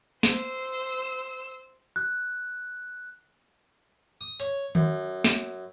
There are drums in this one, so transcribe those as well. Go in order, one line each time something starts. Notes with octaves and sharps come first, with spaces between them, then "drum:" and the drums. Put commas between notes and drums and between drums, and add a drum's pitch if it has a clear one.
C5 E6, drum: snare
F#6
D#6
C#5, drum: hi-hat
F#2, drum: tom D#3
drum: snare